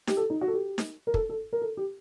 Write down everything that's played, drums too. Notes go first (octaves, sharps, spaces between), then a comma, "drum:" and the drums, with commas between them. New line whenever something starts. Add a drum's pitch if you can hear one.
G4, drum: snare D#4
A4
D#4
F#4
A4
G4
drum: snare D#4
A#4
A4, drum: kick
A4
A#4
A4
G4